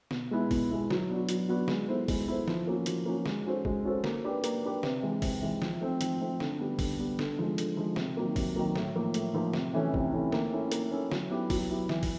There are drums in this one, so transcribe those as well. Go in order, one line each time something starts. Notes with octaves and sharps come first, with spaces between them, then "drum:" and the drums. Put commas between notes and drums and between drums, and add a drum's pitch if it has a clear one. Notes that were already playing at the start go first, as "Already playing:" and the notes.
B2, drum: snare
G#3 B3 E4
B2, drum: kick, open hi-hat
G#3 B3 E4
F#3, drum: snare
B3 D4 F#4
F#3, drum: hi-hat
B3 D4 F#4
G#3, drum: snare
B3 E4 A4 C5
G#3, drum: kick, open hi-hat
B3 E4 A4 C5
F3, drum: snare
A#3 C#4 F#4
F3, drum: hi-hat
A#3 C#4 F#4
G#3, drum: snare
C#4 F#4 A4 C5
G#3, drum: kick
C#4 F#4 A4 C5
A#3, drum: snare
D4 G4 B4
A#3, drum: hi-hat
D4 G4 B4
C3, drum: snare
E3 G#3
C3, drum: kick, open hi-hat
E3 G#3
F3, drum: snare
A3 C4
F3, drum: hi-hat
A3 C4
D3, drum: snare
G3 B3
D3, drum: kick, open hi-hat
G3 B3
D3, drum: snare
F3 G#3
D3, drum: hi-hat
F3 G#3
C3, drum: snare
D#3 F#3 A#3
C3, drum: kick, open hi-hat
D#3 F#3 A#3
A2, drum: snare
F3 A#3
A2, drum: hi-hat
F3 A#3
C3, drum: snare
E3 A3 C#4 E4
C3, drum: kick
E3 A3 C#4 E4
A#3, drum: snare
C#4 E4 A4
A#3, drum: hi-hat
C#4 E4 A4
F#3, drum: snare
B3 E4 G4
F#3, drum: kick, open hi-hat
B3 E4 G4
E3, drum: snare
drum: kick, open hi-hat